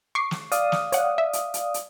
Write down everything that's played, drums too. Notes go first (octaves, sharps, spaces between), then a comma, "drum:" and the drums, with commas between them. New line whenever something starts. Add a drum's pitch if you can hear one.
C#6 D6 C7
drum: snare
D5 F5 D#6, drum: hi-hat
drum: snare
C#5 F#5, drum: hi-hat
E5
drum: hi-hat
drum: hi-hat
drum: hi-hat